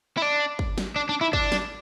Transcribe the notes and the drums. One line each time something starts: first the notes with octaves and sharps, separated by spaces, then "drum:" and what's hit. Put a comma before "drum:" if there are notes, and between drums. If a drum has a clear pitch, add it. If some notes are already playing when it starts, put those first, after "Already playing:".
E4
D4
drum: kick
drum: snare
D4
D4
E4
D4, drum: kick
drum: snare